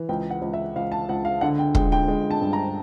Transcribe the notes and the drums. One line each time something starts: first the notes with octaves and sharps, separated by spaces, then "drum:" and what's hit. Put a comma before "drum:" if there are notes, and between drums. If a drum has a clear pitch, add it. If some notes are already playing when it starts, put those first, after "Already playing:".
Already playing: E3
C#2 G5
F#5
C#2
E5
C#2 F5
A5
C#2 F#5
F5
D3 F#5
G5
G#3 G5, drum: kick
G5
G#3
A5
G2
A#5